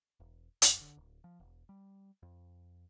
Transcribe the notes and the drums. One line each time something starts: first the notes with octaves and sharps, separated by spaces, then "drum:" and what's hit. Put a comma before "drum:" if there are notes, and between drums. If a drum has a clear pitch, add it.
E1
F#2, drum: hi-hat
D3
D1
F3
E1
G3
F2